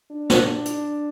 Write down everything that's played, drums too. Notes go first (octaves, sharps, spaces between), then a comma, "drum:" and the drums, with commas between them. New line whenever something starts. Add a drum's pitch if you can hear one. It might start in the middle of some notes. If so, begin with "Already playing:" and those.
D4
drum: snare
drum: hi-hat